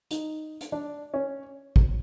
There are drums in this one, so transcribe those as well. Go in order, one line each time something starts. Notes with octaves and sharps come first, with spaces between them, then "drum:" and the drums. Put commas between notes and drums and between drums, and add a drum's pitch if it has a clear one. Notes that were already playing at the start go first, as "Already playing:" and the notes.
D#4, drum: hi-hat
drum: hi-hat
D4
C#4
drum: kick A1